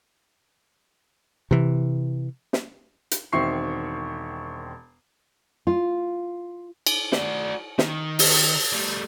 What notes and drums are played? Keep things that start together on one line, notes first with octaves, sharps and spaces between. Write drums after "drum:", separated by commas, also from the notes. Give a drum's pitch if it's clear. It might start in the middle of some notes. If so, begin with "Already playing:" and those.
C3 E3
drum: snare
drum: hi-hat
E1 D#3 C4 E5 C#6 C7
F4
drum: cymbal
F#4 D5, drum: snare
D#3, drum: snare
drum: open hi-hat
G3 A3